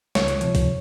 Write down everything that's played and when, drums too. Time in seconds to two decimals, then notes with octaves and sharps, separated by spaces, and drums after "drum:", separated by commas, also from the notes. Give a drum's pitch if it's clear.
0.15 C#2 C#5, drum: snare
0.28 drum: hi-hat
0.41 C3 F3, drum: hi-hat
0.55 drum: kick B1, open hi-hat